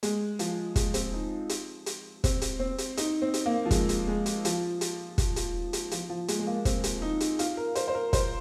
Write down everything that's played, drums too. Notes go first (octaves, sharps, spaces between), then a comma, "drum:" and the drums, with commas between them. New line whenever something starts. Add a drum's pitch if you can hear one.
G#3, drum: hi-hat
F3, drum: hi-hat
G#3, drum: kick, hi-hat
C4, drum: hi-hat
D#4
drum: hi-hat
drum: hi-hat
C4, drum: kick, hi-hat
drum: hi-hat
C4
drum: hi-hat
D#4, drum: hi-hat
C4
drum: hi-hat
A#3
F3
G#3, drum: kick, hi-hat
drum: hi-hat
G#3
drum: hi-hat
F3, drum: hi-hat
drum: hi-hat
drum: kick, hi-hat
drum: hi-hat
drum: hi-hat
F3, drum: hi-hat
F3
G#3, drum: hi-hat
G#3
A#3
C4, drum: kick, hi-hat
drum: hi-hat
D#4
drum: hi-hat
F4, drum: hi-hat
A#4
C5, drum: hi-hat
C5
A#4
C5, drum: kick, hi-hat